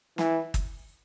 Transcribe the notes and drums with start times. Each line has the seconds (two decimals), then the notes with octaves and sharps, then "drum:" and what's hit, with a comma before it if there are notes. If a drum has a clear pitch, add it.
0.18 E3, drum: snare
0.54 drum: kick G1, hi-hat